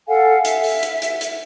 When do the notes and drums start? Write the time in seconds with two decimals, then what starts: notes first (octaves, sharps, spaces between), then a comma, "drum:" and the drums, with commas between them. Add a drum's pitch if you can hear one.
0.07 A4 F5 F#5 G#5
0.45 E5, drum: hi-hat
0.64 drum: open hi-hat
0.83 drum: hi-hat
1.02 drum: hi-hat
1.21 drum: hi-hat